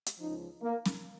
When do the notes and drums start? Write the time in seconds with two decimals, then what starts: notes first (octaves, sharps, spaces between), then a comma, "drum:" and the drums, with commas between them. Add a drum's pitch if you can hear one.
0.06 drum: hi-hat
0.19 C#2 C#3 F3 D#4
0.62 A#3
0.86 drum: snare